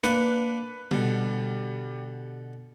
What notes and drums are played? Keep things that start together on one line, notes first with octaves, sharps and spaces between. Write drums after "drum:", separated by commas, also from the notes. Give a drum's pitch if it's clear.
A#3 D4 B4 F#5, drum: snare
B2 D3 G3, drum: tom B2